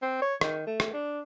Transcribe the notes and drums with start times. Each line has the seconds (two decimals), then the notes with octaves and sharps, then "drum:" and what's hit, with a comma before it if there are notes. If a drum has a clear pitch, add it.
0.02 C4
0.21 C#5
0.41 D#3, drum: rim click
0.67 A3
0.80 drum: rim click
0.93 D4